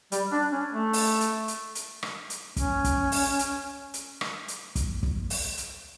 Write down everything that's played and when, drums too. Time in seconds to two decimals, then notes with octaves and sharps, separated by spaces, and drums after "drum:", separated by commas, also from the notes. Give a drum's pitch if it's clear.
0.12 G3, drum: hi-hat
0.32 D4
0.52 C#4
0.73 A3
0.93 drum: open hi-hat
1.21 drum: hi-hat
1.48 drum: hi-hat
1.75 drum: hi-hat
2.03 drum: rim click
2.30 drum: hi-hat
2.57 C#4, drum: kick, hi-hat
2.84 drum: kick, hi-hat
3.12 drum: open hi-hat
3.39 drum: hi-hat
3.94 drum: hi-hat
4.21 drum: rim click
4.48 drum: hi-hat
4.76 drum: kick, hi-hat
5.03 drum: kick
5.30 drum: open hi-hat
5.57 drum: hi-hat